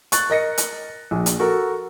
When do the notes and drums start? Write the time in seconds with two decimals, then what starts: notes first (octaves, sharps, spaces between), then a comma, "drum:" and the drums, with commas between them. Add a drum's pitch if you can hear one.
0.12 C#6 F#6 A6, drum: hi-hat
0.30 A#4 D#5 A#6 C#7
0.58 drum: hi-hat
1.11 A#1
1.26 drum: hi-hat
1.40 F#4 A4 A#4